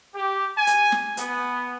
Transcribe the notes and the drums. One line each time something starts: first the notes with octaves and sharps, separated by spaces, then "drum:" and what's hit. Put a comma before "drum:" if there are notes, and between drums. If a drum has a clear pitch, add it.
G4
G#5
drum: hi-hat
drum: snare
B3, drum: hi-hat